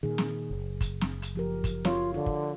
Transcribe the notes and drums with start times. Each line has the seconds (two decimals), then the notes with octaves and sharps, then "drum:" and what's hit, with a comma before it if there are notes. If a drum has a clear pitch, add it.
0.03 A#2 D#3 G#4
0.18 drum: snare
0.51 F#1
0.81 drum: kick, hi-hat
1.01 drum: snare
1.22 drum: hi-hat
1.35 F3 G4 A#4
1.64 drum: kick, hi-hat
1.85 F4 F#4 C#5 F5, drum: snare
2.14 D3 F4
2.26 drum: kick